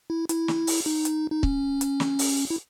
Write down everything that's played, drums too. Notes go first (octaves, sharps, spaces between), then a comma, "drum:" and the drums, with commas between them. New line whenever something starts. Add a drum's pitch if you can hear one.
E4
E4, drum: hi-hat
drum: snare
drum: open hi-hat
D#4
drum: hi-hat
D#4
C#4, drum: kick C#1
drum: hi-hat
drum: snare
drum: open hi-hat
E4